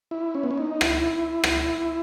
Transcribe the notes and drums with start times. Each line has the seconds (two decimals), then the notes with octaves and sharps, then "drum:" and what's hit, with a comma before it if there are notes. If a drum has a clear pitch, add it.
0.11 E4
0.35 C#4
0.43 B3
0.51 C#4
0.58 D#4
0.81 E4, drum: rim click
1.44 drum: rim click